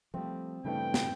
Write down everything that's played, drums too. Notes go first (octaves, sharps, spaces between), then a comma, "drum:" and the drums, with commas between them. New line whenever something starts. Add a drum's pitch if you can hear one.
F3 G3 A3 C4
G2 C#3 E3 A3 G5
drum: snare